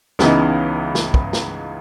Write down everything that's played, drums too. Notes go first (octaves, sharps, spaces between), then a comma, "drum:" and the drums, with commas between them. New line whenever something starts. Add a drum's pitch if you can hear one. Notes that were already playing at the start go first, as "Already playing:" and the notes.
C#2 C#3 E3 B3 D#4, drum: snare
drum: snare
drum: kick
drum: snare